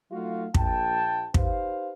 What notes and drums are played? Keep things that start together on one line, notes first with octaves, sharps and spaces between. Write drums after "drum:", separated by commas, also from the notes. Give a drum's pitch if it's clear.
F#3 A3 D#4 F4 F#4 F5
A#1 G5 A5, drum: kick
D#4 G4 B4 C5 F5, drum: kick